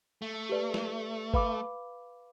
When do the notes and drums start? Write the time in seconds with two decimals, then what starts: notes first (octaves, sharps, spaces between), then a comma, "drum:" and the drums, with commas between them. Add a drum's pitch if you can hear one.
0.22 A3
0.49 G4 B4 D5
0.74 drum: snare
1.34 B4 F5 B5 D6, drum: kick G1